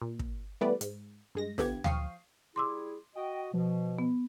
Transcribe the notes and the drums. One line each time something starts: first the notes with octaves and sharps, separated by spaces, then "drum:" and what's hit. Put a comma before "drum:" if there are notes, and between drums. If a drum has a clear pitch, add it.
A#2
drum: kick
E3 G3 A3 B3 B4 D5
G#2, drum: hi-hat
G2 G#3 A#6
C2 D3 B3 G4 G#6, drum: snare
F3 F5 G5 C#6 D#6 C7, drum: tom D2
G3 E4 G#4 C6 D6 E6
F#4 D#5 G5
B2 F3
B3